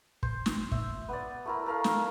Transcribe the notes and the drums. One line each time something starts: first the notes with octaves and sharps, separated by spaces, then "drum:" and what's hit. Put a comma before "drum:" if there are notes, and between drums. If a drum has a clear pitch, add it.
C5, drum: kick
drum: snare
E5, drum: kick
B3 D5
A3 E4 A#4
A3 A#4 F5
drum: snare